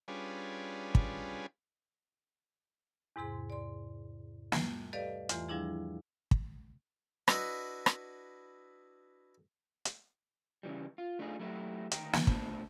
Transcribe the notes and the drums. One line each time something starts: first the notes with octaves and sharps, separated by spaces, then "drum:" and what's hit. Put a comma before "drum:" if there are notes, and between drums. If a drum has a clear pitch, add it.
G3 C#4 D4 F4 G#4 B4
drum: kick
E2 G#2 C3 G#4 C6
D5 C6
G3 A3, drum: snare
G4 A4 B4 D5 D#5 F5
E2 E3 A3 F4 C6, drum: hi-hat
F3 G3 D4 E4 G#4
drum: kick
D4 E4 F#4 B4 D#5 E5, drum: rim click
drum: rim click
drum: hi-hat
C#3 E3 G3
F4
A3 D4 D#4 F4 G#4
F#3 A3 E4 F#4 G4
D2 D#3 G5 A#5, drum: hi-hat
drum: snare
B2 A3 D4 C5 A5 B5, drum: kick